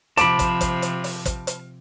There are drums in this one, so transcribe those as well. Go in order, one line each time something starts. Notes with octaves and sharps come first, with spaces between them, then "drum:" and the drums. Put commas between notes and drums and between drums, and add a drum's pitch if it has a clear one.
C3 F3 A5 B5 D6 D7, drum: hi-hat
drum: kick, hi-hat
drum: kick, hi-hat
drum: hi-hat
drum: open hi-hat
drum: kick, hi-hat
drum: hi-hat